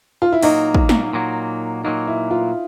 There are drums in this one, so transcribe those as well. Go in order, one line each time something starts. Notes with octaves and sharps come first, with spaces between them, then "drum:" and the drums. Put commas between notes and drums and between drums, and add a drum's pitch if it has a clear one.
F4
E4
A#2 F#3 A#3 D#4, drum: open hi-hat
drum: kick
drum: snare
A#2 F#3 A#3
A#2 F#3 A#3 D#4
E4
F4